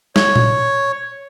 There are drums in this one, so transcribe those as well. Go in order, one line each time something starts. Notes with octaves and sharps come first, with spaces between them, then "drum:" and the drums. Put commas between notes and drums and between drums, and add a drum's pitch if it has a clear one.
C#5, drum: snare
drum: tom A#2